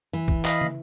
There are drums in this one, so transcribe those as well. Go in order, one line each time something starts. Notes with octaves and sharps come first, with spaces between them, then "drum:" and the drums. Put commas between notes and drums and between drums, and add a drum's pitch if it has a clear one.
E3
drum: kick
D#5 F5 B5, drum: clap
drum: tom